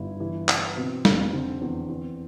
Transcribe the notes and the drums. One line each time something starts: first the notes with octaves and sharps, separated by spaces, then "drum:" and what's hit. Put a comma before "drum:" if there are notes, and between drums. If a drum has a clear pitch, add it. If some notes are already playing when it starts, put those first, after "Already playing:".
Already playing: G1 E4
E3
E3, drum: clap
B2 C4
F1 B3, drum: snare
D3 C4
E2
E2